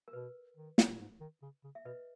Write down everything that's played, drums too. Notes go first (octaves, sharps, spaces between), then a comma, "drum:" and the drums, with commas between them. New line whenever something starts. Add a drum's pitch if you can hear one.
A#4
B2 B4
D#3
drum: snare
A#2
G#2
D#3
C#3
C#3
E5
B2 B4 D#5